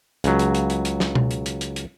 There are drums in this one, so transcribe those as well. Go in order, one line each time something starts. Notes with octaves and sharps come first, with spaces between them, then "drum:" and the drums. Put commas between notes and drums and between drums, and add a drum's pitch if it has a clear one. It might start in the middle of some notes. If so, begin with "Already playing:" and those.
C#2 F#3, drum: hi-hat
drum: hi-hat
drum: hi-hat
drum: hi-hat
drum: hi-hat
drum: snare
drum: tom B2
drum: hi-hat
drum: hi-hat
drum: hi-hat
drum: hi-hat